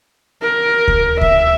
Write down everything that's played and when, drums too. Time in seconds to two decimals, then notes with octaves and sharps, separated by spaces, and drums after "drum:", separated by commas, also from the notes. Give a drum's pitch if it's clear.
0.43 A#4
0.88 drum: kick D2
1.21 E5, drum: kick D2